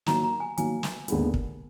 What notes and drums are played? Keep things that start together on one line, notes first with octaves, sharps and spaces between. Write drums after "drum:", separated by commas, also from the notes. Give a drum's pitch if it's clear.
D#3 F#3 A#3 A#5, drum: snare
A#5
G#5
D#3 F#3 A#3 G#5, drum: hi-hat
drum: snare
D#2 D3 G#3 B3, drum: hi-hat
drum: kick